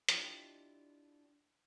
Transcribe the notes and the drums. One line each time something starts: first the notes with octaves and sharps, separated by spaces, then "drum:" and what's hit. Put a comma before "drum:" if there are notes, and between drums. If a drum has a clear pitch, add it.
D4 E4 F4 G4 D5 D#5, drum: hi-hat